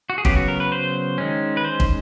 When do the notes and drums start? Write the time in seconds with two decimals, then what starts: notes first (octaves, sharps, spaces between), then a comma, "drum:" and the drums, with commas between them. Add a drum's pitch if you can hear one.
0.10 F#4
0.18 G#4
0.25 C#3 F#3 B3 G4, drum: kick
0.36 F#4
0.48 A#4
0.60 B4
0.72 C5
1.18 D#3 G#3 C#4
1.57 B4
1.64 C5
1.80 drum: kick